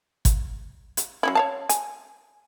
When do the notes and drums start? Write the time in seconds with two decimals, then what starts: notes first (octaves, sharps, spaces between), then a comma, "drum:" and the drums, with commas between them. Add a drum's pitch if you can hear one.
0.25 drum: kick, hi-hat
0.97 drum: hi-hat
1.23 F#3 C#4 E4
1.35 C#5 F5 A5
1.69 G#5, drum: hi-hat